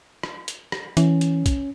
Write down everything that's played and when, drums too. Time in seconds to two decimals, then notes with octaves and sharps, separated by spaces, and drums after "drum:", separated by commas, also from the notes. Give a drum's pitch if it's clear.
0.23 drum: rim click
0.48 drum: hi-hat
0.72 drum: rim click
0.97 E3 C#4, drum: hi-hat
1.21 drum: hi-hat
1.46 drum: kick, hi-hat